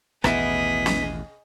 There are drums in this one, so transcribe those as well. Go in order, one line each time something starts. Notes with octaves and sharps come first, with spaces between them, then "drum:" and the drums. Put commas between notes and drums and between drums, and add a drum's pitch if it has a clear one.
A1 D#2 B2 B3 E4 G#4 D#5 B6, drum: rim click
drum: snare